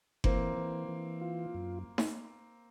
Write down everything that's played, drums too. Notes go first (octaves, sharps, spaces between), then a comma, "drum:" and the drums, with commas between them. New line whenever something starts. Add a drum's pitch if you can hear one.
E3 A#3 C4, drum: kick F#1
E3
E3
F4
F#2
drum: snare D#4